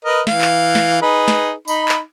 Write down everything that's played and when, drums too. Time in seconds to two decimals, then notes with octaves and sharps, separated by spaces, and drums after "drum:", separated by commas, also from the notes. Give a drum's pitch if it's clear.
0.05 A#4 B4 D#5
0.27 E3 F5, drum: snare
0.41 drum: clap
0.75 drum: snare
1.02 D#4 G#4 B4
1.28 drum: snare
1.68 D#4 B5, drum: tambourine
1.89 drum: clap